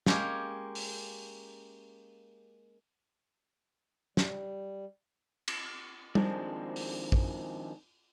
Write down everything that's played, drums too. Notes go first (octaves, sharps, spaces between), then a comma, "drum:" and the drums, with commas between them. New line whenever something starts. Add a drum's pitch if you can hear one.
G#3 A#3 C#4 G4 G#4, drum: snare
drum: open hi-hat
G3, drum: snare
drum: cymbal
D#3 F3 G#3 C4 D4, drum: tom
drum: open hi-hat
drum: kick